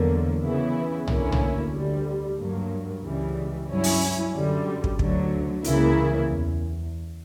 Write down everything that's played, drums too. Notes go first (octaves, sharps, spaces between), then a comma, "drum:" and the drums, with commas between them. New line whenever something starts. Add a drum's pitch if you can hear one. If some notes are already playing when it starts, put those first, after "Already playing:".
Already playing: E2 D3 F#3 A#3
C#3 E3 B3 E4
D2 D3 A#3 C#4 E4, drum: tom
drum: tom
D2 D3 G3
G2 F#3 A#3
C#2 C#3 E3 G3
G2 F#3 C#4 E4
drum: open hi-hat
F#2 D3 G3
drum: kick
D2 D3 F#3, drum: kick
C#2 C#3 E3 A#3 E4, drum: hi-hat
E2